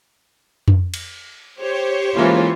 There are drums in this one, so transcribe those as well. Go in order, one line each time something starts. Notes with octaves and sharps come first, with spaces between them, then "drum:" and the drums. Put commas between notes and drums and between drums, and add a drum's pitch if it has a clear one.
drum: tom F2
drum: cymbal
G4 C5 C#5
E3 G#3 A#3 C#4 F4